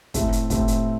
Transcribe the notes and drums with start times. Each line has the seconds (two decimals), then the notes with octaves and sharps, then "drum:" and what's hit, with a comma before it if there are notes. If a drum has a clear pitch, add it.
0.14 A2 A3 C4, drum: kick, hi-hat
0.32 drum: hi-hat
0.50 A2 A3 C4, drum: kick, hi-hat
0.68 drum: hi-hat